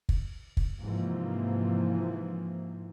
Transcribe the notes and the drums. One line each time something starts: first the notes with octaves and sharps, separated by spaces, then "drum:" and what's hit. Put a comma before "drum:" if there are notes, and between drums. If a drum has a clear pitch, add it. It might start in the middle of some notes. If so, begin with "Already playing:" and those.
drum: kick
drum: kick
G#2 C3 E3 F3 A#3